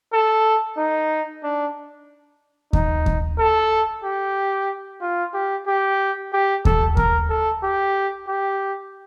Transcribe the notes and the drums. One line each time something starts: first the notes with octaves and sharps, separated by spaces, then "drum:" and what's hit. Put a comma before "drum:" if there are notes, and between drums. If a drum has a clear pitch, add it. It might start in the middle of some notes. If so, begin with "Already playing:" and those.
A4
D#4
D4
D#4, drum: kick D#2
drum: kick D#2
A4
G4
F4
G4
G4
G4
A4, drum: kick D#2
A#4, drum: kick D#2
A4
G4
G4